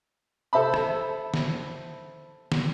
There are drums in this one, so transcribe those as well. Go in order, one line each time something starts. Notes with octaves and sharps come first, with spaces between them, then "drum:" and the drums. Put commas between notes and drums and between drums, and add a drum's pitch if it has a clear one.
A4 C5 E5 A5 B5
drum: rim click
drum: snare
drum: snare